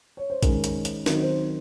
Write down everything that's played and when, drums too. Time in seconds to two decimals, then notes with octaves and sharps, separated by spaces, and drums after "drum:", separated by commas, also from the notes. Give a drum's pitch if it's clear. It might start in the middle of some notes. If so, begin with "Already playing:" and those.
0.17 C#5
0.30 C5
0.43 D#3 G#3 C#4 A#4, drum: kick A#1, hi-hat
0.64 drum: hi-hat
0.85 drum: hi-hat
1.06 D#3 F#3 C4 D#4 A#4, drum: snare
1.18 A#4
1.22 C5